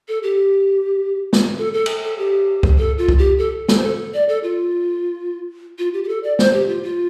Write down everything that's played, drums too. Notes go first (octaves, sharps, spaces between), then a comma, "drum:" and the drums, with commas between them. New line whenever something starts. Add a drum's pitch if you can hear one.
A4
G4
drum: snare
A4
A4
drum: cymbal
A4
G4
drum: kick C#2
A4
F4
drum: kick C#2
G4
A4
A4, drum: snare
C5
A4
D5
A4
F4
F4
G4
G4
A4
D5
C5, drum: snare
G4
F4
F4